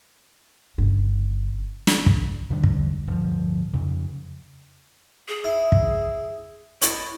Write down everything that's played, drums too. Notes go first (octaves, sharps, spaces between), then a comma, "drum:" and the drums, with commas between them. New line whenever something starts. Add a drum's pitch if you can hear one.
G1 C#3
drum: snare
drum: kick
E2 D3 G3 D4
drum: kick
D1 G2 F3
F2 C#3
G#4
E4
drum: kick
E4 C#5 D#5 A5, drum: hi-hat